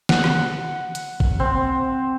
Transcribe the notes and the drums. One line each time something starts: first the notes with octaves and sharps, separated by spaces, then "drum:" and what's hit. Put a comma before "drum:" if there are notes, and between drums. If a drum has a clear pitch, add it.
F#5, drum: snare
drum: rim click
drum: hi-hat
drum: kick G#1
C4